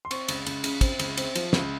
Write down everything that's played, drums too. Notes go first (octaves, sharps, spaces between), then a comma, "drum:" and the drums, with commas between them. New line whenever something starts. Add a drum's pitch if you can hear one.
C6
C4 C#6, drum: cymbal
C#2, drum: cymbal
C#2, drum: cymbal
C#3, drum: cymbal
C4, drum: kick, cymbal
C#2, drum: cymbal
C4, drum: cymbal
F3, drum: cymbal
C#2, drum: snare